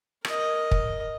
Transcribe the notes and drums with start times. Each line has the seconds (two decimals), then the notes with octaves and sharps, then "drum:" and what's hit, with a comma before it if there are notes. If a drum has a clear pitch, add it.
0.25 A#4 D#5, drum: rim click
0.71 drum: kick